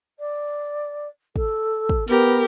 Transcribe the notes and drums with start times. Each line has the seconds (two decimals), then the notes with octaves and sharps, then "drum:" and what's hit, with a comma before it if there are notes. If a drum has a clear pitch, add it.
0.19 D5
1.36 A4, drum: kick
1.89 drum: kick
2.08 B3 G4 A#4, drum: hi-hat